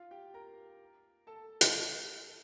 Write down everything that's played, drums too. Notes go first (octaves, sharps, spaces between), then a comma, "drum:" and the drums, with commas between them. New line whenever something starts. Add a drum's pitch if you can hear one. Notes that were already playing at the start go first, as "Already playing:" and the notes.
Already playing: F4 F5
G4 G5
A#4 A#5
A4 A5
drum: hi-hat